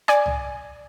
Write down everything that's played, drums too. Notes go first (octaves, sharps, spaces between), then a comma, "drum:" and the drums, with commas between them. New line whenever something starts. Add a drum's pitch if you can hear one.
D5 G#5, drum: rim click
drum: tom